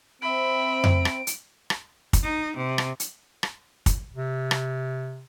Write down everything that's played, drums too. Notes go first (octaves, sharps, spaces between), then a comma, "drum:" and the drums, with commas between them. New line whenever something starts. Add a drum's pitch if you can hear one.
C4 E5 B5 D7
drum: tom F2
drum: rim click
drum: hi-hat
drum: rim click
drum: kick, hi-hat
D#4
C3
drum: rim click
drum: hi-hat
drum: rim click
drum: kick, hi-hat
C3
drum: rim click